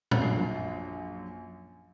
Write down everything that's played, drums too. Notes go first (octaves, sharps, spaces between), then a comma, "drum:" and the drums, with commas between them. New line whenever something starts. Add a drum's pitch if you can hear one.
drum: tom
A#1 F#2 C7